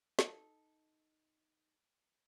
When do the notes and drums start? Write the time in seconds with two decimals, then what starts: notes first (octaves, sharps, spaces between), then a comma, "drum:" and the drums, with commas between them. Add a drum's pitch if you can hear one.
0.19 D#4 A4, drum: snare